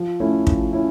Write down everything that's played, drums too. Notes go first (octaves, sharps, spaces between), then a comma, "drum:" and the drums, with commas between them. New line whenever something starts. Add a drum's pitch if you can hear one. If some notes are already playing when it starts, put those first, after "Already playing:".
Already playing: F3
A3 C#4 E4
F3, drum: kick
C#4 E4